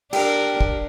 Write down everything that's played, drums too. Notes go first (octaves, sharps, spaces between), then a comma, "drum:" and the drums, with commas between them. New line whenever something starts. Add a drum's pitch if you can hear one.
D4 G4 A#4, drum: cymbal
drum: kick